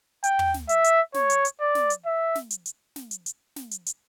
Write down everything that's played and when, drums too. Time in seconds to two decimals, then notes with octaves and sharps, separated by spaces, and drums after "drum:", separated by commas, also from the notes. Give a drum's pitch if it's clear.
0.24 G5, drum: hi-hat
0.39 drum: tom
0.54 drum: snare
0.69 E5, drum: hi-hat
0.84 drum: hi-hat
1.14 C#5, drum: snare
1.30 drum: hi-hat
1.45 drum: hi-hat
1.60 D5
1.75 drum: snare
1.90 drum: hi-hat
2.06 E5
2.35 drum: snare
2.50 drum: hi-hat
2.66 drum: hi-hat
2.96 drum: snare
3.11 drum: hi-hat
3.26 drum: hi-hat
3.56 drum: snare
3.71 drum: hi-hat
3.86 drum: hi-hat